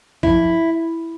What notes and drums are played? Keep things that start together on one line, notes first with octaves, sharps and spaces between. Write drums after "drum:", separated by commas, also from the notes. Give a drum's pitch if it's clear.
F2 E4, drum: kick